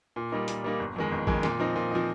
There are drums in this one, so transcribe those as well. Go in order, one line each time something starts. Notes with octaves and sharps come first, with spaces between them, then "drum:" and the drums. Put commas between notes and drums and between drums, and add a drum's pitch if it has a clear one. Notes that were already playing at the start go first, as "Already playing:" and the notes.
A#2
G3 A#3 D#4
A#2, drum: hi-hat
G3 A#3 D#4
G1
F2 D#3 G#3
G1
F2 D#3 G#3, drum: kick A1
A#2, drum: snare
F3 C4 D#4
A#2
F3 C4 D#4